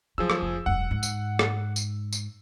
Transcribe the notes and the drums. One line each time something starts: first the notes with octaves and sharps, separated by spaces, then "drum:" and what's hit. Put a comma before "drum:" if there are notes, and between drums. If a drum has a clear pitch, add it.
F3 F#3 G#4 E6
drum: rim click
F1
E1 F#2 F#5
G#2
drum: tambourine
drum: rim click
drum: tambourine
drum: tambourine